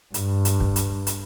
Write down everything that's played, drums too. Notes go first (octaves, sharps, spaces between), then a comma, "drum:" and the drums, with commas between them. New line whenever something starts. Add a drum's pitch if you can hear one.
G2, drum: hi-hat
drum: hi-hat
drum: kick
drum: hi-hat
drum: hi-hat